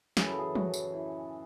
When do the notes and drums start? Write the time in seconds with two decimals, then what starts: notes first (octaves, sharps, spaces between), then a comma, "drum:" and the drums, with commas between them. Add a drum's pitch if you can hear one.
0.17 F#2 C#3 E3 G#4, drum: snare
0.28 A4
0.39 G#4
0.55 F#4, drum: tom
0.74 drum: tambourine
0.94 E4